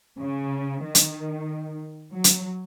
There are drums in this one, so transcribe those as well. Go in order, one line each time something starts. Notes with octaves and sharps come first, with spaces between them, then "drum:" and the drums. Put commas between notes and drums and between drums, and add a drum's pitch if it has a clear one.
C#3
D#3
drum: hi-hat
F#3
drum: hi-hat